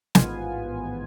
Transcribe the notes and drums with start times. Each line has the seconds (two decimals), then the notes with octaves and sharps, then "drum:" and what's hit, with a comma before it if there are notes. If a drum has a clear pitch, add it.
0.15 A1 G#2 D#3 B3 F4 G#5, drum: snare